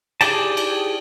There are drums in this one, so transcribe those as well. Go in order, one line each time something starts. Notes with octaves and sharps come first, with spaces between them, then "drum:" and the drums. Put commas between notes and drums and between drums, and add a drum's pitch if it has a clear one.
G4 G#4 D5 G5 A5, drum: cymbal
drum: cymbal